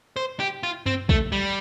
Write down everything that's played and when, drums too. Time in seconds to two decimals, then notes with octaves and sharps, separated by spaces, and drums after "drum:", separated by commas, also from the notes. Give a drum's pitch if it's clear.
0.16 C5
0.40 G4
0.63 F4
0.86 C4, drum: tom F#2
1.09 A3, drum: kick
1.32 G3